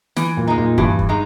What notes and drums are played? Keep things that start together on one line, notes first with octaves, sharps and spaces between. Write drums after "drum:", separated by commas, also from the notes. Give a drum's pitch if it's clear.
E3, drum: snare
A#2
G#3 D#4
A#2
G2 E3, drum: kick
drum: kick
G#3 D#4